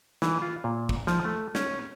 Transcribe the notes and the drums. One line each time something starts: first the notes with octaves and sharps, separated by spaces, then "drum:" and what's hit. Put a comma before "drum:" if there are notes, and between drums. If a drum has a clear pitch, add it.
E3, drum: snare
F4
A#2
drum: kick
F3, drum: snare
A3
C#4, drum: snare